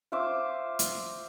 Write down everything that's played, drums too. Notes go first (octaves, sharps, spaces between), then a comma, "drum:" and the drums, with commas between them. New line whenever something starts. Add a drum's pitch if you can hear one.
F4 C5 E5 D6
drum: hi-hat